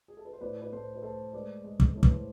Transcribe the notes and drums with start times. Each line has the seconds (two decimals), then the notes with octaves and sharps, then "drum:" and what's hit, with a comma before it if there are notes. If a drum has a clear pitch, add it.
0.08 G#4
0.17 A4
0.25 B4
0.33 C5
0.41 A2 B4 D5
0.62 B4
0.72 A2 A4 C5
0.95 B4
1.02 A3 A4 C5
1.33 G#3 B4 D5
1.64 G#3
1.80 drum: kick
1.94 A2 A4
2.03 B4, drum: kick
2.10 C5